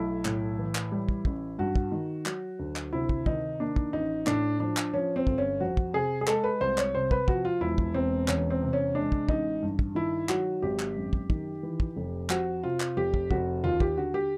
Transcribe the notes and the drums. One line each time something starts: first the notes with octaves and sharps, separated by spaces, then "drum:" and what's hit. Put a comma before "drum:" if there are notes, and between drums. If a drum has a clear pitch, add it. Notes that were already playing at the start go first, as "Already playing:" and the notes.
Already playing: B1 A3 E4
A2, drum: clap
E3
drum: clap
G3
drum: kick
A1, drum: kick
G2 F#4
drum: kick
D#3
F#3, drum: clap
D2
drum: clap
C3 E4
drum: kick
D#3 D#4, drum: kick
A#3 D4
drum: kick
A1 D#4
A2 D4, drum: clap
F3 D4
drum: clap
F3 C#4
C4
G1, drum: kick
C#4
F2 F#4
drum: kick
C3 G#4
G#4
G#3 A4, drum: clap
B4
C2 C5
C#5, drum: clap
C3 C5
B4, drum: kick
F3 F#4, drum: kick
F4
E1 E4
drum: kick
E1 C4
E2 C#4, drum: clap
C4
C3
C#4
G#3 D4
drum: kick
A1 D#4, drum: kick
G2
drum: kick
D#3 E4
F#3 F#4, drum: clap
G#1 G4
drum: clap
F#2
drum: kick
D#3, drum: kick
E3
drum: kick
F1
F2 F#4, drum: clap
C3 F4
drum: clap
F1 G4
drum: kick
F1 F#4, drum: kick
D#2 F4
G4, drum: kick
D3 F#4
G4